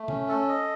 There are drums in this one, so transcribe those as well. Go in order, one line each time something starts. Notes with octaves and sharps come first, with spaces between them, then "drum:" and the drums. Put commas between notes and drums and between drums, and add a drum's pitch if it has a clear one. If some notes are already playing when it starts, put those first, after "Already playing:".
Already playing: A3
C#4, drum: tom
A4
D#5